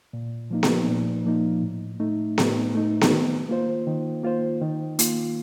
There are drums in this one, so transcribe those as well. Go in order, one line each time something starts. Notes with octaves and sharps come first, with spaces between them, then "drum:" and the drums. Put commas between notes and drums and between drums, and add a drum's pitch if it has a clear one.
A#2
F3 A#3 D#4
drum: snare B3
A#2
F3 A#3 D#4
A2
A3 D#4
A2, drum: snare B3
A3 D#4
drum: snare B3
D#3
A#3 F4 C5
D#3
A#3 F4 C5
D#3
A#3 F4, drum: hi-hat